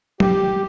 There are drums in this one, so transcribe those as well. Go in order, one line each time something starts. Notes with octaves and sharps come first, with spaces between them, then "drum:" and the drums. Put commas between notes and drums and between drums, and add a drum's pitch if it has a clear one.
G4, drum: tom F#3